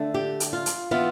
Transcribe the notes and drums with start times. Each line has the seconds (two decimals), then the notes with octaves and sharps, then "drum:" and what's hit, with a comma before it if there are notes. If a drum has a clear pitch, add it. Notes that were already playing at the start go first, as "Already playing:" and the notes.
Already playing: D3 A3 D4
0.14 G4
0.40 drum: hi-hat
0.53 F4
0.66 drum: hi-hat
0.91 E3 B3 F4